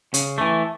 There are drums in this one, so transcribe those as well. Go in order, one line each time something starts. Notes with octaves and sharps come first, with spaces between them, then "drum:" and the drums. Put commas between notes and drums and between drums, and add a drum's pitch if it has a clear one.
C#3, drum: hi-hat
E3 A3